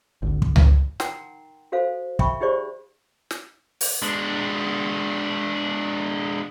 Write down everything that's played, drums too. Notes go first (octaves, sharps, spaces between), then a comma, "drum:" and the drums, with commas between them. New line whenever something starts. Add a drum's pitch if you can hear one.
G#1 D2 D3
drum: kick
drum: tom C#2
D#4 A#4 F#5 G5 A#5 C6, drum: snare
F#4 A4 C5 F5
E5 G5 B5 C#6, drum: kick
D#4 G4 G#4 C5 D5 C#6
drum: snare
drum: open hi-hat
G#3 D4